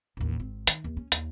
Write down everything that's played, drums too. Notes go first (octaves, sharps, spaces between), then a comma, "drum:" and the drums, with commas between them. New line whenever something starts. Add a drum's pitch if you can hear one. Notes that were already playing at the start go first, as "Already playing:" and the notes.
A1 D#2
G#1 C4
D#3, drum: hi-hat
D#2
C#4
D#2, drum: hi-hat